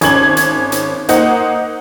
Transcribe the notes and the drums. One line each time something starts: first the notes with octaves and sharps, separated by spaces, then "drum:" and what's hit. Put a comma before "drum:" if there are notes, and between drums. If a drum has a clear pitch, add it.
G#1 C#4 G#6 F#7, drum: hi-hat
drum: hi-hat
drum: hi-hat
A#3 D#4 C5 F#5, drum: hi-hat